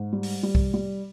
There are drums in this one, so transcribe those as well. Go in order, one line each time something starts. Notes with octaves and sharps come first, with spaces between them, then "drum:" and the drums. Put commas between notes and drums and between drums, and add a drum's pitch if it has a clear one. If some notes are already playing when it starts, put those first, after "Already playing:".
Already playing: G#2
G3
drum: open hi-hat
G3
drum: kick B1
G3